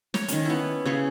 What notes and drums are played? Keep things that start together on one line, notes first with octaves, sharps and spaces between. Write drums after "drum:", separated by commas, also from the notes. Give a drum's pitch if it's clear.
C#5, drum: snare
D#3 C#4, drum: hi-hat
B3 E4
C#3 C#4 G#4